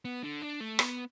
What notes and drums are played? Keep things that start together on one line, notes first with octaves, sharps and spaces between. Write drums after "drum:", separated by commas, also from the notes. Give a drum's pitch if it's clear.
B3
D3
D4
A3
B3, drum: rim click